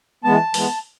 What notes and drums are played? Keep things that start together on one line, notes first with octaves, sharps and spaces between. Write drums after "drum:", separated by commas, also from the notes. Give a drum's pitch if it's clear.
E3 G#3 B3 A5
E3 G#3 B3, drum: open hi-hat